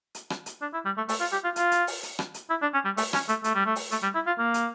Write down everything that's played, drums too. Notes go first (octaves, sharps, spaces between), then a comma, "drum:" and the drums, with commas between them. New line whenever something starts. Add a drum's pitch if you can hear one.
drum: hi-hat
drum: rim click
drum: hi-hat
D4
E4
G3
A3
A3, drum: open hi-hat
F4
G4
F4
F4, drum: hi-hat
drum: hi-hat
drum: open hi-hat
drum: hi-hat
drum: rim click
drum: hi-hat
E4
D4
C#4
G3
A3, drum: open hi-hat
C#4, drum: rim click
A3, drum: hi-hat
A3, drum: hi-hat
G3
A3
drum: open hi-hat
A3, drum: hi-hat
G3
E4
F4
A#3
drum: hi-hat